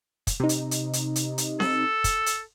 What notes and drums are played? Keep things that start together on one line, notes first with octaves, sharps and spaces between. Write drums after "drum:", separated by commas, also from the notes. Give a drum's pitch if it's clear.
drum: kick, hi-hat
C3 D#4
drum: hi-hat
drum: hi-hat
drum: hi-hat
drum: hi-hat
drum: hi-hat
A4, drum: snare C4
drum: kick, hi-hat
drum: hi-hat